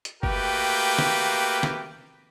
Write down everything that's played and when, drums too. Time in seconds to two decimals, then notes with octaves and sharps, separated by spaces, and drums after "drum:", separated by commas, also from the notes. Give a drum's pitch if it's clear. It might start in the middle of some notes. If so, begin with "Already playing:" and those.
0.05 drum: hi-hat
0.23 A3 A#3 F#4 G4 B4 G5, drum: kick F#1
0.98 drum: snare
1.63 drum: snare